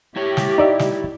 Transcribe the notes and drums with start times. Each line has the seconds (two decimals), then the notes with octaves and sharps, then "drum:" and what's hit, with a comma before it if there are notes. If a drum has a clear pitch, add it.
0.16 E4 G4 C#5
0.37 drum: snare
0.58 D#4 D5 E5
0.79 drum: snare